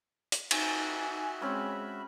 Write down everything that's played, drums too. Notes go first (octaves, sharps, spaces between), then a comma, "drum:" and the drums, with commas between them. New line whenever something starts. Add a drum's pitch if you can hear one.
drum: hi-hat
D#4 F#4 E5 G#5, drum: cymbal
G#3 C4 C#4 G#5 B5